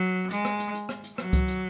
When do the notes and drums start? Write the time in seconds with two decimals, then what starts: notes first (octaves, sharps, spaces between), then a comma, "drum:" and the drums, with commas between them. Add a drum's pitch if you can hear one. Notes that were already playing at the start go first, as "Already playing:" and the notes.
Already playing: F#3
0.31 G#3, drum: hi-hat
0.45 drum: rim click
0.60 drum: hi-hat
0.74 drum: hi-hat
0.89 drum: rim click
1.04 drum: hi-hat
1.18 F#3, drum: rim click
1.33 drum: kick C#2, hi-hat
1.48 drum: hi-hat